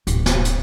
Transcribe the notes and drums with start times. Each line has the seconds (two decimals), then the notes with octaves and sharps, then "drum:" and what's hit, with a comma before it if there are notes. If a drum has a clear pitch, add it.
0.07 D1, drum: hi-hat
0.26 drum: snare
0.45 drum: hi-hat